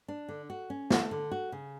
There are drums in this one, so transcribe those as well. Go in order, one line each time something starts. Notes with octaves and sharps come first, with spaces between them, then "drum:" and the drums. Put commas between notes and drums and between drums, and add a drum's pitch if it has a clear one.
D4
D3
F#4
C#4
A3, drum: snare
D3
F#4
C#3